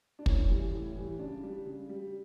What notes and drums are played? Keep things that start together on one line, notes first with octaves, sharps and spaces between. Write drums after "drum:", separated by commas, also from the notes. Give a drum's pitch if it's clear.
D4
A2 C#4, drum: kick
E3 G3
A2
E3 G3
C#3 D4
G3
C#3
G3